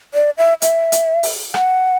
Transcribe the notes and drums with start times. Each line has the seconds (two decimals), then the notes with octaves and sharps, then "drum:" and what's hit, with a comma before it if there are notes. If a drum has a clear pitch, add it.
0.14 D5
0.38 E5
0.62 E5, drum: hi-hat
0.92 drum: hi-hat
1.23 drum: open hi-hat
1.54 F#5, drum: rim click